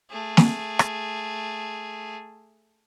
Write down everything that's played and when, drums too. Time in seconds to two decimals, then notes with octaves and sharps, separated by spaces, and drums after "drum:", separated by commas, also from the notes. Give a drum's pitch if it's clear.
0.11 A3 G#4
0.37 drum: snare
0.79 drum: rim click